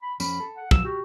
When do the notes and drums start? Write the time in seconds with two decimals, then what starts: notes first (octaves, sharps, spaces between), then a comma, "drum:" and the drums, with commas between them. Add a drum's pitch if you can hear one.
0.03 B5
0.20 F2 C#4 B5, drum: tambourine
0.40 A4
0.57 F#5
0.71 D2 F3 F#3 E6, drum: kick
0.85 F#4 G4